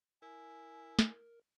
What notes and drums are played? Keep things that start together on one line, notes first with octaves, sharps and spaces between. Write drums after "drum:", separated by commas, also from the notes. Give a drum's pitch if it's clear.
E4 A#4 G#5
drum: snare